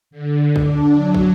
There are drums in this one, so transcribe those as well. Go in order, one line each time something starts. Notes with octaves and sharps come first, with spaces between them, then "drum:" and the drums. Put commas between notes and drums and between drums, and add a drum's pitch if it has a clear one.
D3
D4, drum: kick
F#3
drum: kick